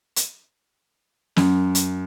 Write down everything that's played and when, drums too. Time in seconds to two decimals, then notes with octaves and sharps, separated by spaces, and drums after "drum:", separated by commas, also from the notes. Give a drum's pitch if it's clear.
0.16 drum: hi-hat
1.36 F#2, drum: snare
1.75 drum: hi-hat